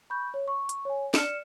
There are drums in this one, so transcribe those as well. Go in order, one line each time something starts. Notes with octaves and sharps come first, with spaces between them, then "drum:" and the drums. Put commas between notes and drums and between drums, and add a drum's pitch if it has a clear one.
B5 C#6 G6
C#5
C#6
drum: hi-hat
C#5 G#5
D5 F6 C#7 E7, drum: snare